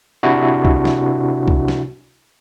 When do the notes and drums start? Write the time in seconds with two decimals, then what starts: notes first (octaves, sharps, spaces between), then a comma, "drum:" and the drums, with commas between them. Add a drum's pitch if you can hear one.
0.23 C3 D4 E4 F#4
0.65 drum: kick C2
0.85 drum: snare
1.48 drum: kick C2
1.68 drum: snare